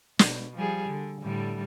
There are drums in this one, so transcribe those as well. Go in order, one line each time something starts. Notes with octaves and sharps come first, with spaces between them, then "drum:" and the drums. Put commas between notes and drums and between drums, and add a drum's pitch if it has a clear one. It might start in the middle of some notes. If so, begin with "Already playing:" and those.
B2, drum: snare
F3 G3 G#4
D3
A2 D3 G3